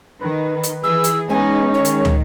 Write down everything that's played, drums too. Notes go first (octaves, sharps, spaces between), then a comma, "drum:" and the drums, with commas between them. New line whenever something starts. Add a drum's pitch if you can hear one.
D#3 B4
drum: hi-hat
E3 G#4 E6
drum: hi-hat
G#3 B3 C#4 D#4 G#5
D#3 C#5
drum: hi-hat
drum: tom